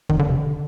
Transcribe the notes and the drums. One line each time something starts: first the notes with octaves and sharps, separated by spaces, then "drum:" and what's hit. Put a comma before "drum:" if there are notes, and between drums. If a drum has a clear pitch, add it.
D#3, drum: kick E2
D3
C3
D3